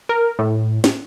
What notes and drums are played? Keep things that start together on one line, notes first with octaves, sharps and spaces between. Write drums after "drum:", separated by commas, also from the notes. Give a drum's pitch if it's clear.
A#4
A2
drum: snare